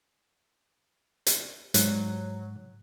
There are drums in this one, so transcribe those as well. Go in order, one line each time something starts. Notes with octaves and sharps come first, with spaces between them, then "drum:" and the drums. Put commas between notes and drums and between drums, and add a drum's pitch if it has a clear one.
drum: hi-hat
G#2 F#3 F#6, drum: hi-hat